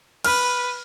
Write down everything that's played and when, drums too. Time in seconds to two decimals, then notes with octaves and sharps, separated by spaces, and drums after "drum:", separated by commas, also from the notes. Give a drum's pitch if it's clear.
0.24 B4 F6, drum: cymbal